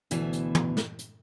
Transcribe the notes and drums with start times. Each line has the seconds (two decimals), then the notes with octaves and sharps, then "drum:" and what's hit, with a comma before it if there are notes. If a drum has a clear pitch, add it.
0.11 D2 B2 E3, drum: hi-hat
0.33 drum: hi-hat
0.55 drum: tom
0.77 drum: snare
0.99 drum: hi-hat